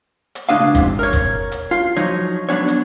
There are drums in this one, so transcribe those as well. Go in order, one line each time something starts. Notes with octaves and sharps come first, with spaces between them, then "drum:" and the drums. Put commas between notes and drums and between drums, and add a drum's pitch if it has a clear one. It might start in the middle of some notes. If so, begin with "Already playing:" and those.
drum: hi-hat
C#2 A2 C#4 D4 D#5 F5
F2 G#2 C3, drum: kick, hi-hat
A#4 C#5
drum: kick, hi-hat
drum: hi-hat
F4
F3 F#3 D#4 C#5
F#3 B3 D4 C#5
drum: hi-hat